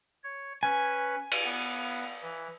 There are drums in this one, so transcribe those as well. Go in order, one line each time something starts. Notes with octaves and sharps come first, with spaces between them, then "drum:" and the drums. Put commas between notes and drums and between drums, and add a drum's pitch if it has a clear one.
C#5
C#4 B4 G#5
drum: cymbal
B3
E3